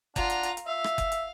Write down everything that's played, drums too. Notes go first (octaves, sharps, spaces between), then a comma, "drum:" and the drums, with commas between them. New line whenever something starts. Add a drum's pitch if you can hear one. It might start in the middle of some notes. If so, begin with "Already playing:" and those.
D4 F4 F#5 A#5, drum: kick F#1, hi-hat
drum: hi-hat
drum: hi-hat
drum: hi-hat
E5 F5
drum: rim click
drum: kick F#1, hi-hat
drum: hi-hat